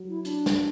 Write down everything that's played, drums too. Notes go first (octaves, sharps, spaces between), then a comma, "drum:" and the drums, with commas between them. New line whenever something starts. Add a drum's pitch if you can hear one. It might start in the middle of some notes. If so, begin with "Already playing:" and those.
Already playing: F#3
E4
D4, drum: hi-hat
drum: snare